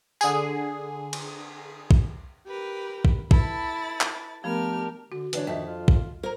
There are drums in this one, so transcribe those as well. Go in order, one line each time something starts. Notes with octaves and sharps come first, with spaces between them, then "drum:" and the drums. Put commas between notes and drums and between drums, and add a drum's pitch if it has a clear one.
D3 G#4, drum: tambourine
drum: cymbal
drum: kick
G4 A#4 B4
drum: kick
E4 A4 B4 B5 A6, drum: kick
drum: clap
F3 A3 B3 D4 G4 A#4 F6
D3 F#4
D3 E3 D4 C#5, drum: hi-hat
F2 D#3 D#5 E5 A5
F4
drum: kick
A#4 C5 A#5